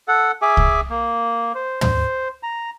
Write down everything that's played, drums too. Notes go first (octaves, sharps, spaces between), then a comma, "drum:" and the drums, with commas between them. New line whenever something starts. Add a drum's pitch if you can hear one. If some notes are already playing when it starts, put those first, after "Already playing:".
A4 F#5
G#4 E5 G#5 D6
drum: kick C2
A#3
C5
C5, drum: tom
A#5